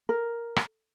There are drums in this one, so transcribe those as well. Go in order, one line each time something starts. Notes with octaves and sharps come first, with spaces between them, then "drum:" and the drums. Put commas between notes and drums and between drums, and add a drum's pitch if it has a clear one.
A#4
drum: rim click